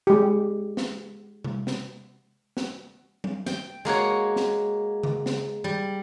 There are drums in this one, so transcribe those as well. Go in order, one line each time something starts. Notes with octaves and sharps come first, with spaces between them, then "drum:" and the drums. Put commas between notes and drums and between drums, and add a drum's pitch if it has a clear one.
G#3 G4
drum: snare
drum: tom C3
drum: snare
drum: snare
drum: tom F#3
G5, drum: snare
G#3 A#3 F#4 C#5
drum: snare
drum: tom C#3
drum: snare
G3